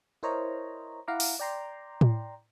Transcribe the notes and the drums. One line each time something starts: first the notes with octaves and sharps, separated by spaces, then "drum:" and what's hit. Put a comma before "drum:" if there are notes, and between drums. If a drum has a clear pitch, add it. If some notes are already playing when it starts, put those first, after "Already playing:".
E4 A#4 C5 C#5 D#5 A#5
E4 F5 F#5 A#5 D6
drum: open hi-hat
D5 G5 A#5 C6
drum: tom A2